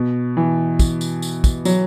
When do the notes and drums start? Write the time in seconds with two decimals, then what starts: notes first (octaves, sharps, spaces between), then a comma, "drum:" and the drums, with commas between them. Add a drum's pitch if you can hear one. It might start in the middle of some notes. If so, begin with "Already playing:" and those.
Already playing: B2
0.37 E3
0.79 drum: kick, tambourine
1.01 drum: tambourine
1.22 drum: tambourine
1.44 drum: kick, tambourine
1.65 F#3, drum: tambourine